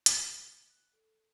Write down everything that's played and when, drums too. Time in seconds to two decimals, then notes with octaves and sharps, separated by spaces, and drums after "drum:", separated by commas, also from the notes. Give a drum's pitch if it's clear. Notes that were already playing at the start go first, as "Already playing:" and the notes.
0.06 D#6, drum: hi-hat
0.41 C#7
0.70 F#6
0.93 A4